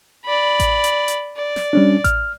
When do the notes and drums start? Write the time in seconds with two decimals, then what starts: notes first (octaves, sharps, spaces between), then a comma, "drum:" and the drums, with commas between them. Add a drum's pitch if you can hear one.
0.25 D5 B5
0.60 drum: kick A1, hi-hat
0.84 drum: hi-hat
1.08 drum: hi-hat
1.36 D5
1.56 drum: snare
1.73 G3 C#4 D4
2.04 F6, drum: kick A1, hi-hat